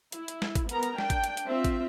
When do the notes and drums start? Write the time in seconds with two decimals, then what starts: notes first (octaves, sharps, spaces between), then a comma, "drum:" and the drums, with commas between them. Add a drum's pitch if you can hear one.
0.12 E4, drum: hi-hat
0.28 drum: hi-hat
0.42 drum: snare
0.55 drum: kick G#1, hi-hat
0.69 B3 A#4 A#5, drum: hi-hat
0.83 drum: hi-hat
0.98 D4 G5, drum: snare
1.10 drum: kick G#1, hi-hat
1.24 drum: hi-hat
1.37 drum: hi-hat
1.48 C4 F4 E5
1.64 drum: kick G#1, hi-hat